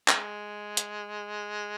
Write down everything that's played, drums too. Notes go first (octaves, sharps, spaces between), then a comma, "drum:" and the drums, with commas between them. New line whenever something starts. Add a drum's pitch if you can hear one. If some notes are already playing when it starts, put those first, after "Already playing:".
G#3, drum: clap
drum: hi-hat